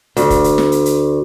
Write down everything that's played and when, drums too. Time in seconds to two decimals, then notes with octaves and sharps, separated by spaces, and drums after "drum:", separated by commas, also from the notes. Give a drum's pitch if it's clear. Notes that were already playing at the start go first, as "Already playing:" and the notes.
0.17 D2, drum: hi-hat
0.30 drum: kick, hi-hat
0.44 drum: hi-hat
0.58 drum: snare
0.72 drum: hi-hat
0.86 drum: hi-hat